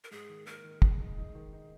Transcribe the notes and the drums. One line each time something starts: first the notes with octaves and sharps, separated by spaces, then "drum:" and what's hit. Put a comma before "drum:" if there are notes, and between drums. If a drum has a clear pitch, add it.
A#4
G#2 G#4
D#3
A#3 A#4
D#3
G#2 G#4, drum: kick
D#4
D#4
D#3
D#4